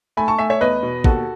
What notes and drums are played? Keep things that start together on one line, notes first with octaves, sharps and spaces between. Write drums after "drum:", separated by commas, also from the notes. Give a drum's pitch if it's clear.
A3 G#5 B5
A5 C#6
A3 E5 G#5
C#5 E5
E2 B4 D#5
B2
D#2 F#4 A4, drum: kick